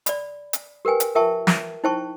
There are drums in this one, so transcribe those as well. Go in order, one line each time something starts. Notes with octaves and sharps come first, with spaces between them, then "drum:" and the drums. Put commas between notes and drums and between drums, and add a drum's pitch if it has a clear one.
D5 B5, drum: hi-hat
drum: hi-hat
G4 A#4 B4 G5 G#5
drum: hi-hat
F4 A#4 E5 G5 A5 C#6
drum: snare
D#4 E4 C5 G5 A5 C#6